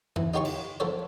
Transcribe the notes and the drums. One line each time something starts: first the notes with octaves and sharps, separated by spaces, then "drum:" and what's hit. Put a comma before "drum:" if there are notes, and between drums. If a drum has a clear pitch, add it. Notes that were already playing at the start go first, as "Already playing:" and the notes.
E3, drum: tom E2
D#4 F4 G4 C#5 C6 C#6
drum: cymbal
F3 A4 C5 C#5